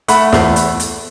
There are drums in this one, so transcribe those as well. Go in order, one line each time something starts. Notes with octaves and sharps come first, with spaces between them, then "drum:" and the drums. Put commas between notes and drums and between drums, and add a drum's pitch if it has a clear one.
A3 F#5 B5, drum: hi-hat
E2, drum: snare
drum: hi-hat
drum: hi-hat